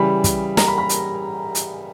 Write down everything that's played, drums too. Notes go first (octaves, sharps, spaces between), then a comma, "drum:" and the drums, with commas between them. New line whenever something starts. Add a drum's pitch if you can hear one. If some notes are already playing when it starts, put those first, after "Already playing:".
Already playing: C#3 E3 G3 B5
drum: kick, hi-hat
A#5, drum: snare
B5
B5
drum: hi-hat
drum: hi-hat